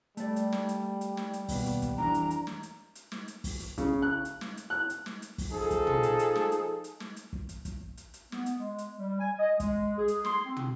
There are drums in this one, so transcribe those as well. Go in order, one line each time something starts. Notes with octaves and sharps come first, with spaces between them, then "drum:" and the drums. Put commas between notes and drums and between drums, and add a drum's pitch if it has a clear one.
G3 A3 D5, drum: hi-hat
drum: hi-hat
drum: snare
drum: hi-hat
drum: hi-hat
drum: snare
drum: hi-hat
D#2 B2 B3, drum: kick, open hi-hat
drum: hi-hat
drum: kick, hi-hat
F2 E3 D4 A#5
drum: hi-hat
drum: hi-hat
drum: snare
drum: hi-hat
drum: hi-hat
drum: snare
drum: hi-hat
drum: kick, open hi-hat
drum: hi-hat
C#3, drum: kick, hi-hat
F#6
drum: hi-hat
drum: snare
drum: hi-hat
F#6
drum: hi-hat
drum: snare
drum: hi-hat
drum: kick, open hi-hat
F3 D#4 G#4 A4
drum: kick, hi-hat
drum: tom
drum: hi-hat
drum: hi-hat
drum: snare
drum: hi-hat
drum: hi-hat
drum: snare
drum: hi-hat
drum: kick
drum: hi-hat
drum: kick, hi-hat
drum: hi-hat
drum: hi-hat
B3, drum: snare
drum: hi-hat
G#3
drum: hi-hat
G3
G#5
D#5
G#3, drum: kick, hi-hat
G#4
drum: hi-hat
C6, drum: snare
C4
drum: tom